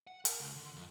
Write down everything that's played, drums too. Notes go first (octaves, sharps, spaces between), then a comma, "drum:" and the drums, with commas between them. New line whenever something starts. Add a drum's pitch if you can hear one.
F#5
A#4, drum: hi-hat
C#2
D3
F2